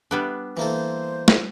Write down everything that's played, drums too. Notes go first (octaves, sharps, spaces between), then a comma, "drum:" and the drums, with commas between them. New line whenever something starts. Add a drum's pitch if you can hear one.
G3 B3 D4
E3 A#3 A4 C5
drum: snare